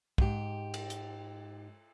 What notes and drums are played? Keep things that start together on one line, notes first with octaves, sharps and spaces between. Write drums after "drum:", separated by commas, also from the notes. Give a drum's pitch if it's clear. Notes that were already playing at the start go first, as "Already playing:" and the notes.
G#2 G4, drum: kick
drum: cymbal
drum: hi-hat